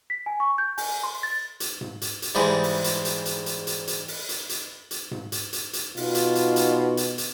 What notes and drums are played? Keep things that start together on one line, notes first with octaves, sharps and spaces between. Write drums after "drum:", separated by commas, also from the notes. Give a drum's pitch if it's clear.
B6
G#5
C#6
G6
G#5, drum: open hi-hat
C6
A6
drum: hi-hat
drum: tom G#2
drum: hi-hat
drum: hi-hat
G#2 E3 G3 G#3
drum: open hi-hat
drum: hi-hat
drum: hi-hat
drum: hi-hat
drum: hi-hat
drum: hi-hat
drum: hi-hat
drum: open hi-hat
drum: hi-hat
drum: hi-hat
drum: hi-hat
drum: tom G#2
drum: hi-hat
drum: hi-hat
drum: hi-hat
B2 D#4 F4, drum: open hi-hat
drum: hi-hat
drum: hi-hat
drum: hi-hat
drum: hi-hat
drum: hi-hat